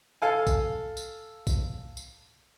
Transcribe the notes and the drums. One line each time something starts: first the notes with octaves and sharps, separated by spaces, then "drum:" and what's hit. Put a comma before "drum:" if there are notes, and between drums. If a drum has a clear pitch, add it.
A4 F5 G#5
drum: kick A#1, tambourine
drum: tambourine
drum: kick A#1, tambourine
drum: tambourine